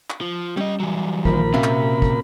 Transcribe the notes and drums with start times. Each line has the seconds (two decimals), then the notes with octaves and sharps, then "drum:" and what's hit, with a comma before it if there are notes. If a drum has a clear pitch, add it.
0.10 drum: clap
0.21 F3
0.57 G3 C#4 D#5
0.80 E3 F#3
1.25 A#1 A#2 D#3 F3 A#4 B5, drum: kick
1.54 C3 C#4 F#4 E5 F5
1.64 drum: clap
2.02 drum: kick